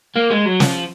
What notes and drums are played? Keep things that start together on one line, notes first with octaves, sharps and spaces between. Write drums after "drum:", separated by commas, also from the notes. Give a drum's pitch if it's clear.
A#3
G#3
F#3
F3, drum: snare